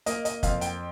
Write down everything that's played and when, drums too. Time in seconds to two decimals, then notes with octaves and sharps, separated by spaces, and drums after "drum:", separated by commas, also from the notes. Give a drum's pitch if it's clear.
0.06 A#3 D#5, drum: hi-hat
0.25 D#5, drum: hi-hat
0.43 F2 F5, drum: kick, hi-hat
0.61 G5, drum: hi-hat